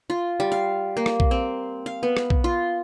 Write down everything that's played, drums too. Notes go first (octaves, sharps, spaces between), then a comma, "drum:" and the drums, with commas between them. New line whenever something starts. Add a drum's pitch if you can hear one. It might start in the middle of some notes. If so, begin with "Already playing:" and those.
F4
G3
F5
A#3
drum: rim click
drum: kick
C4
F5
B3
drum: rim click
drum: kick
F4